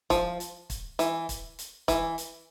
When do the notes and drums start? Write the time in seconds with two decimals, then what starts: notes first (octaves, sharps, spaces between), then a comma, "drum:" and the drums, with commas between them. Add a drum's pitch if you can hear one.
0.10 F3, drum: kick, hi-hat
0.40 drum: hi-hat
0.70 drum: kick, hi-hat
0.99 E3, drum: hi-hat
1.29 drum: kick, hi-hat
1.59 drum: hi-hat
1.88 E3, drum: kick, hi-hat
2.18 drum: hi-hat